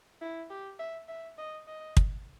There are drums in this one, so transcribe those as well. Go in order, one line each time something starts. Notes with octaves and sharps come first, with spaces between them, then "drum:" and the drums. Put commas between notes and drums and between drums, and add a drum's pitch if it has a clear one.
E4
G4
E5
E5
D#5
D#5
drum: kick